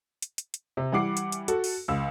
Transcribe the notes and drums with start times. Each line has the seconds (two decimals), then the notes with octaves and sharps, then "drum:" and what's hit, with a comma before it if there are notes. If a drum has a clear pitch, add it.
0.22 drum: hi-hat
0.38 drum: hi-hat
0.54 drum: hi-hat
0.77 C3
0.92 E3 G3 F#5 D6 C7
1.17 drum: hi-hat
1.32 drum: hi-hat
1.48 F#4 A4, drum: hi-hat
1.64 drum: open hi-hat
1.88 C#2 E6